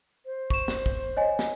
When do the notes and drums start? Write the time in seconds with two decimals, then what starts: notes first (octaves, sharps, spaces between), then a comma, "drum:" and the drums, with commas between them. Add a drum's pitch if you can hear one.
0.25 C5
0.50 C#6 E7, drum: kick
0.68 drum: snare
0.86 drum: kick
1.17 C#5 D#5 G#5
1.39 drum: snare